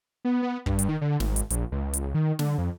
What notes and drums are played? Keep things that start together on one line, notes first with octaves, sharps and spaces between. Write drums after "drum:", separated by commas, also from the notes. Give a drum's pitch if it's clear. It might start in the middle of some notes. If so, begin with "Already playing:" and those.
B3
B3
G2, drum: kick
drum: hi-hat
D#3
D3
G#1, drum: snare
drum: hi-hat
A#1, drum: hi-hat
C#2
drum: hi-hat
D#3
D3, drum: snare
F2